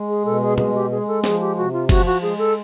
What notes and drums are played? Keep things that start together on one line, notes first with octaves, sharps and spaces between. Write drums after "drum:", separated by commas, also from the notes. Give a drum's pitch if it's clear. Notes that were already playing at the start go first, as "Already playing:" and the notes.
Already playing: G#3
G#4
B2 A4
G#4
G#3 G#4, drum: tom B2
G4
G#3 G#4
A4
F3 G#4, drum: snare
G4
C3 F#4
F4
F3 F#4, drum: kick F#1, cymbal
F#4
G#3 G#4
A4